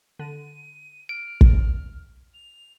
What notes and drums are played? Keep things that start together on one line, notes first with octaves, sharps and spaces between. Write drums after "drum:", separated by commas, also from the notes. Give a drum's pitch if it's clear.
D3 D#7
F6 D7
drum: kick
F7